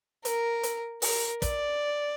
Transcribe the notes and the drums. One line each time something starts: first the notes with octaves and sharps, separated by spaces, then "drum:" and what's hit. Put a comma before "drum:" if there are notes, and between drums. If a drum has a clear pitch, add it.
A#4, drum: hi-hat
drum: hi-hat
A#4, drum: open hi-hat
D5, drum: kick, hi-hat